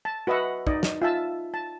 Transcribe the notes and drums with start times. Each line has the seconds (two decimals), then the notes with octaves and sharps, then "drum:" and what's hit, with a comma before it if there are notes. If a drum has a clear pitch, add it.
0.05 A5
0.27 F#4 B4 D#5 E5 F#5
0.67 D#4 D5 D#5, drum: kick
0.83 drum: snare
1.02 F4 E5 A5
1.54 A5